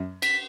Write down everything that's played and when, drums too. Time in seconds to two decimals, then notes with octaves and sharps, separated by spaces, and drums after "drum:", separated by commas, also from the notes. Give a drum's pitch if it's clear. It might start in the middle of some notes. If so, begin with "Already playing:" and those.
Already playing: F#2
0.22 B6, drum: cymbal